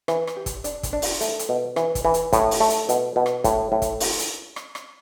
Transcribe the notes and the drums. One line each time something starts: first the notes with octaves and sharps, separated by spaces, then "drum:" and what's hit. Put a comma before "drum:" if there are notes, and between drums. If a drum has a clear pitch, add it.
E3, drum: rim click
drum: rim click
G4
drum: kick, hi-hat
D4, drum: hi-hat
drum: kick, hi-hat
D4
drum: open hi-hat
A3, drum: hi-hat
drum: hi-hat
B2
E3, drum: rim click
drum: kick, hi-hat
E3
drum: hi-hat
A2, drum: kick, hi-hat
drum: open hi-hat
A3
drum: hi-hat
B2, drum: hi-hat
B2
drum: rim click
A2, drum: kick, hi-hat
A2
drum: kick, hi-hat
drum: open hi-hat
drum: hi-hat
drum: rim click
drum: rim click